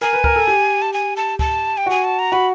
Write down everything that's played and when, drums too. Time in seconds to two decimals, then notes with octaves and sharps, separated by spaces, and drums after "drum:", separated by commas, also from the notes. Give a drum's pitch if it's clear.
0.01 A#4 G#5
0.13 B4
0.24 A#4, drum: kick C#2
0.36 A4
0.48 G4
0.82 A5
0.93 G#5
1.17 A5
1.39 A5, drum: kick C#2
1.77 G5
1.86 F#4 G#5
2.04 A5
2.19 A#5
2.32 F#4 B5